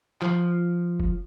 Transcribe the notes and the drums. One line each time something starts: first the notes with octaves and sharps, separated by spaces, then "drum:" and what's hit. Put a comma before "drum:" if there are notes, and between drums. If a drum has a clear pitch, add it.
F3, drum: clap
drum: kick F1